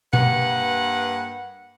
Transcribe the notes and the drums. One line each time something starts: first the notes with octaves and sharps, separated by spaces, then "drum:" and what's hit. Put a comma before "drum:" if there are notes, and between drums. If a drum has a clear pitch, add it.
G2 A#3 B4 F#5, drum: tom B2